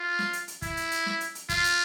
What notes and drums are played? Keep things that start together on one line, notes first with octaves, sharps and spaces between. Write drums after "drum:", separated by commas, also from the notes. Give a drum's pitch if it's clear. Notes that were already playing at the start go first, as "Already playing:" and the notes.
Already playing: F4
drum: snare
drum: hi-hat
drum: hi-hat
E4, drum: kick, hi-hat
drum: hi-hat
drum: hi-hat
drum: snare
drum: hi-hat
drum: hi-hat
F4, drum: kick, hi-hat
drum: hi-hat